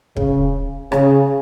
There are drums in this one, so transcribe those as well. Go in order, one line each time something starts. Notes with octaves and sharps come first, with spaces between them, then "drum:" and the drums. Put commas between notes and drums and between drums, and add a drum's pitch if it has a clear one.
C#3, drum: kick
C#3, drum: rim click